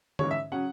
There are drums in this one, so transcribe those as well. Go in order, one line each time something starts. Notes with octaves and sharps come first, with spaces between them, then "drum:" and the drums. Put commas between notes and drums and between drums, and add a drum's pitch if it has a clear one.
G#2 E3 G#3 C#4 C#5, drum: tom D3
E5
C#3 F#3 C#4 F#5